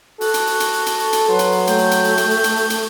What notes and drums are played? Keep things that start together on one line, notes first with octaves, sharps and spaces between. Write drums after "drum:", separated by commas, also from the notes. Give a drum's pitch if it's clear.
F#4 A4, drum: open hi-hat
drum: hi-hat
drum: open hi-hat
drum: hi-hat
drum: open hi-hat
drum: hi-hat
drum: open hi-hat
drum: hi-hat
F#3 B4 C6
drum: hi-hat
drum: open hi-hat
A3 G5, drum: hi-hat
drum: open hi-hat
drum: hi-hat
drum: open hi-hat
drum: hi-hat
drum: open hi-hat
drum: hi-hat
drum: open hi-hat
drum: hi-hat